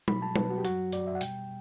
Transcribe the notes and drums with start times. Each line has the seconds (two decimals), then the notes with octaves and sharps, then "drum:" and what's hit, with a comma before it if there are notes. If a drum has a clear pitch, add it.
0.08 B2 F#3 B5, drum: tom
0.22 A5
0.36 B2 F#3 B4, drum: tom
0.50 F#4
0.58 G4
0.65 F#2 F#3 F#4, drum: hi-hat
0.92 F#2 F#3 D5, drum: hi-hat
1.07 E5
1.15 F#5
1.21 B2 G3 G5, drum: hi-hat